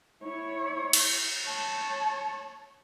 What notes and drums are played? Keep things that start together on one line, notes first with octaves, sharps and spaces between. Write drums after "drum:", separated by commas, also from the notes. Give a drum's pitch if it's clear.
E4 C#5
drum: cymbal
C#5 A5